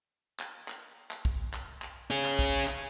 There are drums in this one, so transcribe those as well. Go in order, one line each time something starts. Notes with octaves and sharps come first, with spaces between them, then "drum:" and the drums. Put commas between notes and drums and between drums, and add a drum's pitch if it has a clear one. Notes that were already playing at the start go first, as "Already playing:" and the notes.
drum: clap
drum: clap
drum: clap
drum: kick
drum: clap
drum: clap
C#4 G#4
drum: clap
drum: kick
drum: clap